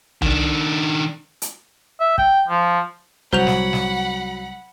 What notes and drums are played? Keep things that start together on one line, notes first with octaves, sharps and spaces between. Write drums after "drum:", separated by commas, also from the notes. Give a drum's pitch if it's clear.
D#3 D4, drum: tom C2
drum: hi-hat
E5
G5, drum: kick
F3
C2 F#3 C5 F#5 B5 G6 F7
drum: snare
drum: snare